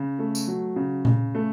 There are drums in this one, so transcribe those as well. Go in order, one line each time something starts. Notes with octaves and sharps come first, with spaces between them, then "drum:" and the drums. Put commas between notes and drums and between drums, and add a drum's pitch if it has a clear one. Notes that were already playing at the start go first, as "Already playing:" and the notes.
Already playing: C#3
A3
drum: tambourine
F#3
C#3
C#3, drum: tom A#2
A3